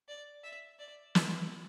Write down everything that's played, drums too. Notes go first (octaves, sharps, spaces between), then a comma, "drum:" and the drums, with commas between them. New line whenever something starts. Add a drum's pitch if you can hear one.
D5
E5
D5
E4, drum: snare